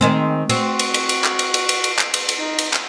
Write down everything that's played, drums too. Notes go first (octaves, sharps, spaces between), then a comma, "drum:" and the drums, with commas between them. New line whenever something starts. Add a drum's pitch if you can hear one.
D#3 G#3 C4
C4 F#4, drum: cymbal
drum: cymbal
drum: cymbal
drum: cymbal
drum: clap
drum: cymbal
drum: cymbal
drum: cymbal
drum: cymbal
drum: clap
drum: cymbal
drum: cymbal
D#4
drum: cymbal
drum: clap